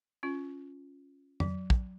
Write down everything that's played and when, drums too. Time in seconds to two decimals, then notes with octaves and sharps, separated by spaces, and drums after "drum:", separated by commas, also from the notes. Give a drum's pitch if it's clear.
0.23 C#4 F4
1.40 F#3, drum: tom
1.70 drum: kick